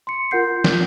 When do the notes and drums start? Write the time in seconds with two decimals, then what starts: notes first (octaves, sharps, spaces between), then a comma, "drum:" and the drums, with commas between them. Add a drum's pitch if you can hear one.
0.07 C6 C#7
0.31 F4 A#4 F#5 G6 C7
0.64 drum: snare